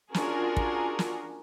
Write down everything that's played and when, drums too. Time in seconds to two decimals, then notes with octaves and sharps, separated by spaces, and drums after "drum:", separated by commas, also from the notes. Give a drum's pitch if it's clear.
0.14 C#4 D4 F4 F#4 G#4 A#4, drum: snare
0.57 drum: kick
0.99 drum: snare